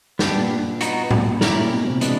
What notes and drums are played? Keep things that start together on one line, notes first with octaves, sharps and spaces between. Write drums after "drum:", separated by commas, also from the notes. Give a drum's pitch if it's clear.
G2 B3 D4 G4, drum: snare
A#2
B3 D#4 F#4, drum: hi-hat
A#2, drum: tom A2
A2 C#4 E4 G4 A#4 D5, drum: snare
A#2
B2
C3
E3 G#3 B3 D4, drum: hi-hat